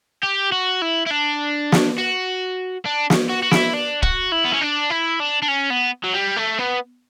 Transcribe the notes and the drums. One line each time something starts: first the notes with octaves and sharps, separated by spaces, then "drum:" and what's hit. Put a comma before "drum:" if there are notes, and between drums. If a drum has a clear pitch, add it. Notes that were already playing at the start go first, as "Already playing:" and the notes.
G4
F#4
E4
E4
D4
drum: snare
F#4
D4
drum: snare
F#4
F#4
E4, drum: snare
D4
F#4, drum: kick
E4
B3
C#4
D4
E4
D4
D4
C#4
B3
F#3
G3
A3
B3